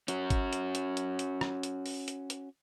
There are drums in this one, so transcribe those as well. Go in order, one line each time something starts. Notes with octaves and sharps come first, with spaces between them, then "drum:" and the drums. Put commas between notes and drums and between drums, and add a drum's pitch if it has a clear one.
C#4 F#4, drum: hi-hat
drum: kick, hi-hat
drum: hi-hat
drum: hi-hat
drum: hi-hat
drum: hi-hat
drum: rim click
drum: hi-hat
drum: open hi-hat
drum: hi-hat
drum: hi-hat